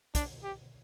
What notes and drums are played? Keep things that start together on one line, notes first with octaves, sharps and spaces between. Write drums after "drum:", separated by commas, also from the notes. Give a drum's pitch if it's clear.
D4, drum: kick, hi-hat
G4